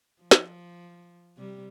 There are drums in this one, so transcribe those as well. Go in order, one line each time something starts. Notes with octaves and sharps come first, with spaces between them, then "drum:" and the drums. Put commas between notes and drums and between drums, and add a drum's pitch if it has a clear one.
F3
drum: snare
C3 G3